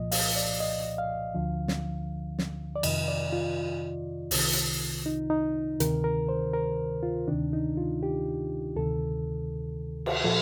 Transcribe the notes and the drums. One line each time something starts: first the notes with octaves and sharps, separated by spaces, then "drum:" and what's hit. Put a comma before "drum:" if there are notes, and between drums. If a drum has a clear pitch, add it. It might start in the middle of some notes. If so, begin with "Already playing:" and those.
Already playing: C2 A#2 F3 D#5
F5, drum: open hi-hat
D5
D#5
F5
D2 D3 F3
drum: snare
drum: snare
D5
F2 C3 D#3 D#5, drum: cymbal
D5
F4
C2 C3 D#3, drum: open hi-hat
drum: hi-hat
D#4
D#4
D2 C3 D#3 A#4, drum: hi-hat
A#4
C5
A#4
F4
D2 C3 D#3 D4
D#4
F4
G4
D2 C3 D#3 A4
drum: cymbal
A#2 F3 A4